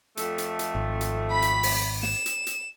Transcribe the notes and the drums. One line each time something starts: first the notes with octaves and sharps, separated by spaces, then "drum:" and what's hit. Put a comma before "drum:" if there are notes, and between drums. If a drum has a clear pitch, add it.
F2 A3, drum: hi-hat
drum: hi-hat
drum: hi-hat
G#1
drum: hi-hat
B5 B6
drum: hi-hat
drum: open hi-hat
E7, drum: snare
drum: hi-hat
drum: hi-hat